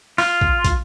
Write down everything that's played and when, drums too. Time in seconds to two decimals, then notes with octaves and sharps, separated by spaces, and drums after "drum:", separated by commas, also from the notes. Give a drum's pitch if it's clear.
0.18 F4, drum: open hi-hat
0.41 drum: kick
0.65 drum: kick, hi-hat